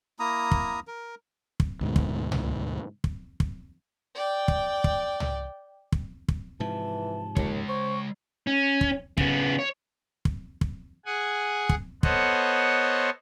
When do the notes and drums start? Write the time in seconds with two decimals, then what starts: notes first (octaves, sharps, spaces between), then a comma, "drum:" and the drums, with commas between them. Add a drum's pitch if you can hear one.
0.19 A#3 E4 A#5 D#6
0.51 drum: kick
0.88 A#4
1.60 drum: kick
1.81 D2 G#2 B2
1.96 drum: kick
2.32 drum: tom
3.04 drum: kick
3.40 drum: kick
4.15 D5 G5
4.48 drum: kick
4.84 drum: kick
5.20 drum: tom
5.92 drum: kick
6.28 drum: kick
6.60 G#2 C3 E3 F3 A5
7.36 D#2 G#3 C#5, drum: kick
7.68 C5 C#6
8.47 C#4
8.81 drum: kick
9.17 C#3 B3, drum: kick
9.59 C#5
10.25 drum: kick
10.61 drum: kick
11.05 G#4 F#5 G#5
11.69 drum: kick
12.03 B3 A4 C5 C#5 D#5 F#5, drum: kick